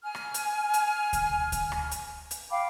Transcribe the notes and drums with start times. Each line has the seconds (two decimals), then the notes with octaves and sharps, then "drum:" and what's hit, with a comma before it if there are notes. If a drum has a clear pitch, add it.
0.03 G#5 F6
0.15 drum: rim click
0.34 drum: hi-hat
0.74 drum: hi-hat
1.13 drum: kick D2, hi-hat
1.52 drum: kick D2, hi-hat
1.72 drum: rim click
1.91 drum: hi-hat
2.31 drum: hi-hat
2.50 F5 G5 B5 D6